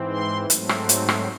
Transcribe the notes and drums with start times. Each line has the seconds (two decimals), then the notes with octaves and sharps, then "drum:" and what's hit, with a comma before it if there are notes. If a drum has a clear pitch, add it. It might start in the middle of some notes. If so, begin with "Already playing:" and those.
Already playing: G#2 E3 C4
0.10 C6
0.50 G#2 F#3 A3 C4, drum: hi-hat
0.69 drum: rim click
0.89 drum: hi-hat
1.09 drum: rim click